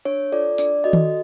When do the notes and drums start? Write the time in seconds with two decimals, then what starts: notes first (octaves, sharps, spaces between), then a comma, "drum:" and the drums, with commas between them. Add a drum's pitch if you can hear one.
0.05 D4 C#5
0.32 F4 A4 D5
0.58 D4 D5, drum: tambourine
0.84 F#4 A4 D#5
0.93 drum: tom D#3